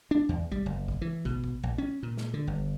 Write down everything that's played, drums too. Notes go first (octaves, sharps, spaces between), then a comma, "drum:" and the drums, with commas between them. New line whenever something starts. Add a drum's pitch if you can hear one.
D4
E2
G3, drum: kick
F#1
drum: kick
E3
B2, drum: kick
drum: kick
A#1
C#4
A#2
drum: snare
D3
G1